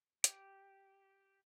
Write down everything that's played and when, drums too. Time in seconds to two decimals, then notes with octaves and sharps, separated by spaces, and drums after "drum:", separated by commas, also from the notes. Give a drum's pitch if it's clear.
0.24 G4, drum: hi-hat